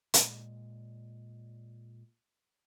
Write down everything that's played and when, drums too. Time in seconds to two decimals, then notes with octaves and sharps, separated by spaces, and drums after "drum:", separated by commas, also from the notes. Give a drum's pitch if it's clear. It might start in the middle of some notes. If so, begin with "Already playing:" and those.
0.14 A#2 G#3, drum: hi-hat